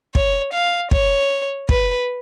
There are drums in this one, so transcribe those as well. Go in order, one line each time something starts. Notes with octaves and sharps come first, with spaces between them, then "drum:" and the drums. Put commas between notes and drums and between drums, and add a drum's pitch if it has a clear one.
C#5, drum: kick
F5
C#5, drum: kick
B4, drum: kick